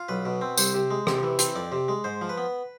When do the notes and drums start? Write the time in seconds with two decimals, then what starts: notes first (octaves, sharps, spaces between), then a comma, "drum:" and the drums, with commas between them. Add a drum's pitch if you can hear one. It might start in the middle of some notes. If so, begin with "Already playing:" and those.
Already playing: F4
0.09 B1 B4
0.25 B2
0.41 C4
0.58 C2 C5, drum: tambourine
0.74 C3
0.91 G#3
1.07 C3, drum: rim click
1.23 E3
1.39 C4, drum: hi-hat
1.56 F2 D5
1.72 C3
1.88 G#3
2.04 G#2 C5
2.21 F3
2.29 B4
2.37 B3